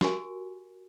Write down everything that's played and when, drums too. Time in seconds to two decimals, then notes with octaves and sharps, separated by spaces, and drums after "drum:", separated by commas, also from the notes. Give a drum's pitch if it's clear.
0.01 F#4 G4 A#4 G#5, drum: snare